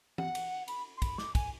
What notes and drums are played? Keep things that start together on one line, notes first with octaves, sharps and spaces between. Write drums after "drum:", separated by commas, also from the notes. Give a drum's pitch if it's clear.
F#5, drum: tom E3
drum: cymbal
B5, drum: cymbal
C6
B5, drum: kick, cymbal
D6, drum: snare
G#5, drum: kick, cymbal